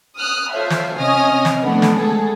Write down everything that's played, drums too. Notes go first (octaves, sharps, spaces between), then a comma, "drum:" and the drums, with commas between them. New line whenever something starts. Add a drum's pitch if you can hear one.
D#6 F6 F#6
F4 A4 C5 C#5 E5
drum: snare
C3 C#4 D#5 G#5 D#6 F6
drum: snare
F3 A3 B3 D4
drum: snare
G#3 A3 G#4 A4